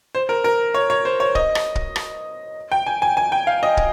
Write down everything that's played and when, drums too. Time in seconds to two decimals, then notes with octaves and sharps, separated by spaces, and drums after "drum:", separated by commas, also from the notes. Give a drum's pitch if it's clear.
0.15 C5
0.29 A#4
0.44 A#4
0.74 C#5
0.90 C#5
1.05 C5
1.20 C#5
1.35 D#5, drum: kick
1.55 drum: rim click
1.75 drum: kick
1.96 drum: rim click
2.72 G5
2.86 G#5
3.02 G#5
3.17 G#5
3.32 G5
3.47 F5
3.63 D#5
3.77 drum: kick